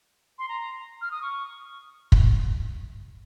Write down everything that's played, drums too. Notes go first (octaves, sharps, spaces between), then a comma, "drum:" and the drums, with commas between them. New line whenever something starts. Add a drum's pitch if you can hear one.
C6
A#5
F6
D#6
C#6
drum: kick